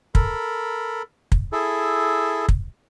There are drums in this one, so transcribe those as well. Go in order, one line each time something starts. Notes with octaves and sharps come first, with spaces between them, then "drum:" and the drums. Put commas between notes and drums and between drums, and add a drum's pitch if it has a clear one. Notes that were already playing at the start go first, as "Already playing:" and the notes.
A4 A#4 B5, drum: kick
drum: kick
E4 G#4 A4
drum: kick